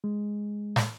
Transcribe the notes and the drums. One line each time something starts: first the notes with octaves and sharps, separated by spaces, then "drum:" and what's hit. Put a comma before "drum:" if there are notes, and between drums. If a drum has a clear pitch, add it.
G#3
drum: snare